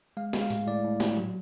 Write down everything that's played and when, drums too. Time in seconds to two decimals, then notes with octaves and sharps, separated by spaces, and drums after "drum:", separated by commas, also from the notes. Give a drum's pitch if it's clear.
0.17 G#3 F5
0.33 G#3, drum: snare
0.42 F5
0.50 A2, drum: open hi-hat
0.67 A2 D5
0.84 A2
1.00 A2, drum: snare
1.17 F#3